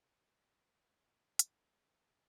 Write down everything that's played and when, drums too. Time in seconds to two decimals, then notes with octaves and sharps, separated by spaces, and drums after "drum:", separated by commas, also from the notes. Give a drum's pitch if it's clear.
0.09 G2
0.26 G#5
0.41 D3 F3 A3 D4 G5
0.57 F#5
0.74 G3 F#5
0.91 G#5
1.07 B3 E4 G4 C5 F#5
1.23 G5
1.39 E3 B5, drum: hi-hat
1.73 G3 A#3
2.05 E3 B5